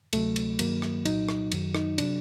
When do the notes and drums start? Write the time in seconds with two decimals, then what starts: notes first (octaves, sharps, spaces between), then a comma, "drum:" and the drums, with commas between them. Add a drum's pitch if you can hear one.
0.13 D2 C3 F#3 A3, drum: cymbal
0.36 drum: cymbal
0.59 G2 D#3 F#3 A#3, drum: cymbal
0.82 drum: rim click
1.05 C2 A#2 F#3 D#4, drum: cymbal
1.29 drum: rim click
1.52 F#2 D#3 F#3, drum: cymbal
1.75 D#4, drum: rim click
1.98 C3 F#3 D4, drum: cymbal